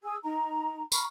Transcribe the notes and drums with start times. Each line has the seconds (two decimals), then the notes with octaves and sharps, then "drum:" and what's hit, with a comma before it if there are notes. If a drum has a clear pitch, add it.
0.04 G#4 G#5 D#6 E6
0.24 D#4 A#5
0.92 A#5 B5 C#6 F6, drum: tambourine